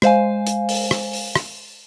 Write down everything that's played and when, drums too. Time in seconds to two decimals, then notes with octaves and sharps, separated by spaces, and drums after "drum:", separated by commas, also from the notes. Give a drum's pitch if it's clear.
0.02 G#3 C5 F5 G#5, drum: rim click
0.47 drum: hi-hat
0.69 drum: open hi-hat
0.91 drum: rim click
1.13 drum: open hi-hat
1.36 drum: rim click